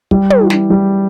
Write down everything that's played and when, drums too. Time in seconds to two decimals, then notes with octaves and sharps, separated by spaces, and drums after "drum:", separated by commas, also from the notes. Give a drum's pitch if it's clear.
0.11 G3, drum: kick
0.30 drum: tom
0.40 E3
0.50 drum: snare
0.70 G3